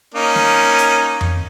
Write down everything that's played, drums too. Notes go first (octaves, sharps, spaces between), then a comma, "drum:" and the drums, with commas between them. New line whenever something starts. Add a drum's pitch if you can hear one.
A#3 C#4 D#4
drum: snare
drum: hi-hat
drum: tom F2